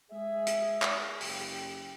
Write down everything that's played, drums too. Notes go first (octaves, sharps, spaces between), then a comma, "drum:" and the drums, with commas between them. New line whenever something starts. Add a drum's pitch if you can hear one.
G#3 G#4 E5
drum: hi-hat
drum: clap
F#1 G4 G5, drum: open hi-hat